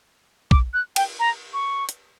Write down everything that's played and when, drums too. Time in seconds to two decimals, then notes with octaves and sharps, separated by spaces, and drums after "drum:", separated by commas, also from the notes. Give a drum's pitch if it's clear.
0.51 D6, drum: kick A#1
0.74 F#6
0.96 G5, drum: cymbal
1.19 A#5
1.54 C#6
1.89 drum: hi-hat